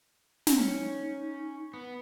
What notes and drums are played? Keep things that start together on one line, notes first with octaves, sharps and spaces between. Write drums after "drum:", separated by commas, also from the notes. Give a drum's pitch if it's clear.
drum: snare
C#4 D#4
B3